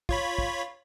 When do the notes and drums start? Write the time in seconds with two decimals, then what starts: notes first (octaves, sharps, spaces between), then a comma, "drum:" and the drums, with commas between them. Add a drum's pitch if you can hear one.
0.09 F4 C#5 B5, drum: kick
0.38 drum: kick